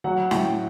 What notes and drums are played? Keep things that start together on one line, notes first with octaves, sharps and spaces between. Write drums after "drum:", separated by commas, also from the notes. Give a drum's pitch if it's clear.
F#3 F#5
A2 G5, drum: snare